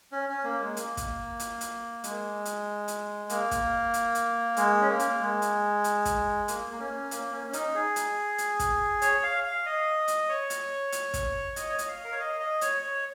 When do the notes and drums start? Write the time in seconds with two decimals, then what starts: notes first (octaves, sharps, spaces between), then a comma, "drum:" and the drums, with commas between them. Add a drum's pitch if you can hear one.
0.12 C#4
0.29 C#4
0.44 A#3
0.60 G#3
0.77 A#3, drum: hi-hat
0.97 drum: kick, hi-hat
1.40 drum: hi-hat
1.61 drum: hi-hat
2.04 G#3, drum: hi-hat
2.45 drum: hi-hat
2.88 drum: hi-hat
3.30 A#3, drum: hi-hat
3.51 drum: kick, hi-hat
3.94 drum: hi-hat
4.15 drum: hi-hat
4.57 G#3, drum: hi-hat
4.82 C#4
4.89 A#3
4.99 drum: hi-hat
5.20 G#3
5.42 drum: hi-hat
5.84 drum: hi-hat
6.05 drum: kick, hi-hat
6.48 A#3, drum: hi-hat
6.72 A#3
6.80 C#4
7.11 A#3, drum: hi-hat
7.32 C#4
7.50 C#4
7.53 D#4, drum: hi-hat
7.75 G#4
7.96 drum: hi-hat
8.38 drum: hi-hat
8.59 drum: kick, hi-hat
9.02 C#5, drum: hi-hat
9.23 F5
9.44 F5
9.66 D#5
10.08 drum: hi-hat
10.29 C#5
10.50 drum: hi-hat
10.92 drum: hi-hat
11.14 drum: kick, hi-hat
11.56 D#5, drum: hi-hat
11.69 C#5
11.79 D#5, drum: hi-hat
11.88 F5
12.04 A#4
12.12 C#5
12.19 D#5
12.40 D#5
12.61 C#5, drum: hi-hat
12.82 C#5